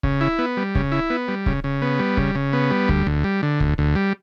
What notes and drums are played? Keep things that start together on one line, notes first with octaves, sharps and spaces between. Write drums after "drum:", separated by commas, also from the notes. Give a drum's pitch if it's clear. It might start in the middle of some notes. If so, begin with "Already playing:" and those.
C#3, drum: kick
E4
B3
G3
C#3, drum: kick
E4
B3
G3
C#3, drum: kick
C#3
B3
G3
C#3, drum: kick
C#3
B3
G3
D2, drum: kick
D2
G3
D3
D2, drum: kick
D2
G3